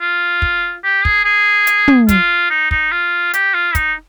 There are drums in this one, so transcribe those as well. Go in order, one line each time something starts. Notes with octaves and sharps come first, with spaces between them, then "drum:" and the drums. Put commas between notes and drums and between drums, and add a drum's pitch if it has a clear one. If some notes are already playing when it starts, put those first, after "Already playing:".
F4
drum: kick
G4
G#4, drum: kick
G#4
drum: hi-hat
drum: tom
F4, drum: kick, hi-hat
D#4
D#4, drum: kick
F4
G4, drum: hi-hat
F4
D#4, drum: kick, hi-hat